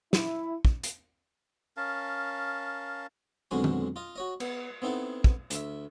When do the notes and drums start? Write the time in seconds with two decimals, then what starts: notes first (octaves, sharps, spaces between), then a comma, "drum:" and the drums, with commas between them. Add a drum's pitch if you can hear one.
0.13 E4, drum: snare
0.65 drum: kick
0.83 drum: hi-hat
1.77 C#4 A#4 F5 A5
3.51 B1 F2 D3 G#3 F#4 G#5
3.64 drum: tom
3.96 F4 D#5
4.16 F#4 C#5 D#5
4.40 B3, drum: cymbal
4.82 B3 C4 D#4 E4 A4 F#5
5.24 drum: kick
5.50 D2 E5, drum: hi-hat